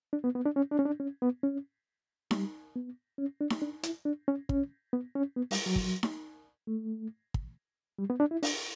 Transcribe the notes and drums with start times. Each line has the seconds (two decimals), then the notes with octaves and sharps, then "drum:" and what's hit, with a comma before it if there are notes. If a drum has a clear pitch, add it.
0.13 D4
0.24 B3
0.35 B3
0.45 D4
0.56 C#4
0.71 D4
0.79 C#4
0.85 D4
1.00 C#4
1.22 B3
1.43 C#4
2.31 G3, drum: snare D#4
2.76 B3
3.18 C#4
3.41 D4
3.50 drum: snare D#4
3.62 D4
3.83 E4, drum: hi-hat
4.05 D4
4.28 C#4
4.49 C#4, drum: kick
4.93 B3
5.15 C#4
5.36 B3
5.51 G3, drum: open hi-hat
5.66 F#3
5.76 drum: kick
6.03 drum: snare D#4
6.67 A3
7.34 drum: kick
7.99 G3
8.10 B3
8.20 D4
8.31 E4
8.43 D4, drum: open hi-hat